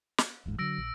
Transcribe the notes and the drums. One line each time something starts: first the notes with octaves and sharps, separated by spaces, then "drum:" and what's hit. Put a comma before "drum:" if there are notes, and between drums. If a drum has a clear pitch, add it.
drum: snare
D1 A1 G#2
D3 F#3 E6 A#6 D7
A#1